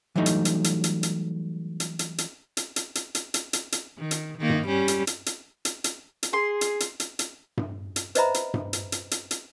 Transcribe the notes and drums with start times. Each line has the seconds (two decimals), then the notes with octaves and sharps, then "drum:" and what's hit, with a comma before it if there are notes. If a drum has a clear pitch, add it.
0.16 E3 F#3 G3 A3 D#4
0.26 drum: hi-hat
0.45 drum: hi-hat
0.64 drum: hi-hat
0.84 drum: hi-hat
1.03 drum: hi-hat
1.80 drum: hi-hat
1.99 drum: hi-hat
2.18 drum: hi-hat
2.57 drum: hi-hat
2.76 drum: hi-hat
2.95 drum: hi-hat
3.15 drum: hi-hat
3.34 drum: hi-hat
3.53 drum: hi-hat
3.72 drum: hi-hat
3.98 D#3
4.11 drum: hi-hat
4.38 D#3 A#3
4.49 drum: tom G2
4.67 G3 C#4
4.88 drum: hi-hat
5.07 drum: hi-hat
5.26 drum: hi-hat
5.65 drum: hi-hat
5.84 drum: hi-hat
6.23 drum: hi-hat
6.33 G#4 C6
6.61 drum: hi-hat
6.80 drum: hi-hat
7.00 drum: hi-hat
7.19 drum: hi-hat
7.57 drum: tom G2
7.96 drum: hi-hat
8.15 B4 C5 D#5 E5 A#5 B5, drum: hi-hat
8.34 drum: hi-hat
8.54 drum: tom G2
8.73 drum: hi-hat
8.92 drum: hi-hat
9.11 drum: hi-hat
9.31 drum: hi-hat